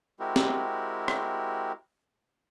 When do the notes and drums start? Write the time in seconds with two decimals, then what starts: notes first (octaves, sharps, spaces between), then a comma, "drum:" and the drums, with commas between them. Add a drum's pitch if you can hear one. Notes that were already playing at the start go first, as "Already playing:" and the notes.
0.20 G#3 C4 E4 F#4 G4 A#4
0.36 drum: snare
1.08 drum: rim click